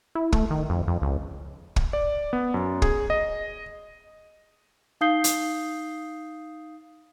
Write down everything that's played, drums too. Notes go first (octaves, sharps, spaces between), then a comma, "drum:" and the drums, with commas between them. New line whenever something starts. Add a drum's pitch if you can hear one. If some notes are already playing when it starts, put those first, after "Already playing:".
E4
A3, drum: kick
D#3
F2
F2
C#2
drum: kick
D5
B3
F#2
G#4, drum: kick
D#5
D#4 F5 D#6 G6 C7 G7
drum: hi-hat